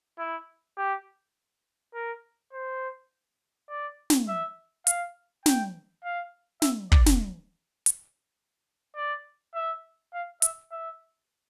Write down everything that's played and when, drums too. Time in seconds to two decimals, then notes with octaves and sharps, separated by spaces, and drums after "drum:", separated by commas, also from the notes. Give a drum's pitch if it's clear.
0.19 E4
0.77 G4
1.94 A#4
2.53 C5
3.70 D5
4.10 drum: snare
4.28 E5
4.87 F5, drum: hi-hat
5.46 G5, drum: snare
6.04 F5
6.62 E5, drum: snare
6.92 D5, drum: kick
7.06 drum: snare
7.86 drum: hi-hat
8.96 D5
9.55 E5
10.14 F5
10.42 E5, drum: hi-hat
10.72 E5